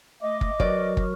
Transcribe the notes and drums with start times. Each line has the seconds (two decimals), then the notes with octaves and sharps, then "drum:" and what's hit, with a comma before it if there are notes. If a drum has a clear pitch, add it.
0.22 A3 D#5 D6
0.41 drum: kick
0.60 F#3 F#4 A#4 B4 D5, drum: kick
0.97 drum: kick